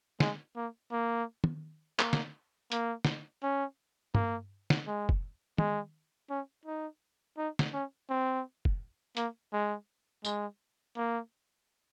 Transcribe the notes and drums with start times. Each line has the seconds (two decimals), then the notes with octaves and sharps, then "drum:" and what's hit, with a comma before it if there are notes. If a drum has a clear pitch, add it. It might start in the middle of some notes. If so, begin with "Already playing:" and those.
0.20 G#3, drum: snare
0.56 A#3
0.92 A#3
1.44 drum: tom
1.99 A#3, drum: clap
2.13 drum: snare
2.72 A#3, drum: hi-hat
3.05 drum: snare
3.43 C#4
4.15 A#3, drum: tom
4.70 drum: snare
4.87 G#3
5.09 drum: kick F1
5.58 G#3, drum: tom
6.30 C#4
6.65 D#4
7.38 D#4
7.59 drum: snare
7.73 C#4
8.10 C4
8.65 drum: kick F1
9.17 A#3, drum: hi-hat
9.53 G#3
10.25 G#3, drum: tambourine
10.97 A#3